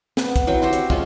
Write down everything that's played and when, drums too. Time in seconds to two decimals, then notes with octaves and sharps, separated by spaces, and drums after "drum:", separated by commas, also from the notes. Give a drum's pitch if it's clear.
0.17 B3, drum: snare
0.36 drum: kick, hi-hat
0.47 E3 F#3 C4
0.62 C4 F#4 G4 C5
0.73 drum: hi-hat
0.90 F3 G#3 C#4 A5, drum: kick